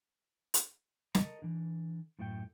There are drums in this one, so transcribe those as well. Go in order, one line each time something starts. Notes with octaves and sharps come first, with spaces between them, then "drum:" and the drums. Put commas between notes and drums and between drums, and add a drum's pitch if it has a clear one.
drum: hi-hat
A4 A#4 D#5 A#5, drum: snare
D3 E3
F#2 A2 A3 F#4 G5